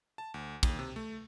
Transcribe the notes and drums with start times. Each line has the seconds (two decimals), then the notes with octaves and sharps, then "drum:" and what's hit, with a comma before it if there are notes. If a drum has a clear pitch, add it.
0.18 A5
0.34 D2
0.63 D#2, drum: kick, cymbal
0.79 C3
0.96 A3